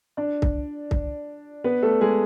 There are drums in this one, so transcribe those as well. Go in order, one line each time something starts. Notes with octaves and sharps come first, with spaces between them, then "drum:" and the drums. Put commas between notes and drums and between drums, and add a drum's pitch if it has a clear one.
D4 D5
drum: kick C2
drum: kick C2
B3 B4
A3 A4
G#3 G#4